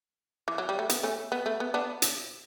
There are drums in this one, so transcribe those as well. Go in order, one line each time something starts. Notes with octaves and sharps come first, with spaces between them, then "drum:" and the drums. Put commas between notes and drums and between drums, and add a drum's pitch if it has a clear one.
E3
F#3
G3
A3
B3, drum: hi-hat
A3 C#4
B3
A3
B3
B3 D4
drum: hi-hat